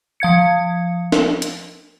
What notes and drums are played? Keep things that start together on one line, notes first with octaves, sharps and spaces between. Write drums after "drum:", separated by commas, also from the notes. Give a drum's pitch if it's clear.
F3 F5 G#6 C#7
drum: snare D4
drum: hi-hat